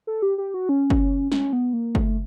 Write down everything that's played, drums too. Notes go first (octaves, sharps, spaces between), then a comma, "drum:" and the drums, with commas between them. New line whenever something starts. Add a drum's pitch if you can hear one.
A4
G4
G4
F#4
C#4
drum: kick F#1
C#4, drum: snare
B3
A#3
A3, drum: kick F#1